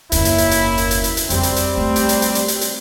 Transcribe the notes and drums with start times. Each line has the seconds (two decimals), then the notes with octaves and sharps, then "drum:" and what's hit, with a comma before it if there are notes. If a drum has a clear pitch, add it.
0.12 F#1 D#2 A#3 C#4 E4, drum: hi-hat
0.25 drum: hi-hat
0.38 drum: hi-hat
0.51 drum: hi-hat
0.78 drum: hi-hat
0.91 drum: hi-hat
1.04 drum: hi-hat
1.17 drum: hi-hat
1.30 F2 G3 C4 D4, drum: hi-hat
1.43 drum: hi-hat
1.56 drum: hi-hat
1.77 A3
1.96 drum: hi-hat
2.09 drum: hi-hat
2.22 drum: hi-hat
2.35 drum: hi-hat
2.48 drum: hi-hat
2.61 drum: hi-hat